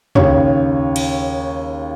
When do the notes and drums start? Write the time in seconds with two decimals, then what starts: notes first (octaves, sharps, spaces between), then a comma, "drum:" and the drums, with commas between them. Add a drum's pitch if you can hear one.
0.15 D#2 C#3 C#5, drum: tom
0.96 drum: cymbal